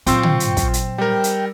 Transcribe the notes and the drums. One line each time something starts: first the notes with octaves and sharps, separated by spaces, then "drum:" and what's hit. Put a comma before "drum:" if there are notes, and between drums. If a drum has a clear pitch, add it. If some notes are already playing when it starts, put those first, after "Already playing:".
A#2 F#3 C4 F4 G5 C6 C#6 E6, drum: hi-hat
drum: tom
drum: hi-hat
drum: kick, hi-hat
drum: hi-hat
G3 A#4 G5
drum: hi-hat